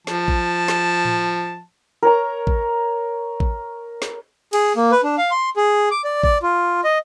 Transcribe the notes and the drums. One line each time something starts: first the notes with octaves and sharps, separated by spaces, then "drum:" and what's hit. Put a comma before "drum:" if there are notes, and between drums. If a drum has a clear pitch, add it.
F3 A5, drum: snare
drum: kick
drum: snare
drum: tom A2
A#4 C#5 A#5
drum: kick
drum: kick
drum: snare
G#4, drum: cymbal
A#3
B4
D4
F5
C6
G#4
D6
D5
D5, drum: kick
F4
D#5